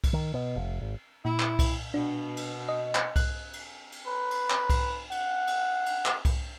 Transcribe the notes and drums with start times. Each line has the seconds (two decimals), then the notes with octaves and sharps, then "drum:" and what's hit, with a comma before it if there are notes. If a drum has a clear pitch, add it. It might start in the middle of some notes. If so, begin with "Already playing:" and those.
0.04 drum: kick C2, cymbal
0.13 D#3
0.34 B2
0.56 F1
0.81 G#1
1.25 A#2 E4
1.40 drum: clap
1.59 drum: kick C2, cymbal
1.94 B2 D4
2.37 drum: cymbal
2.69 D#5
2.95 drum: clap
3.16 F#6, drum: kick C2, cymbal
3.53 drum: cymbal
3.92 drum: cymbal
4.07 B4
4.31 drum: cymbal
4.50 drum: clap
4.70 drum: kick C2, cymbal
5.11 F#5, drum: cymbal
5.47 drum: cymbal
5.86 drum: cymbal
6.05 drum: clap
6.25 drum: kick C2, cymbal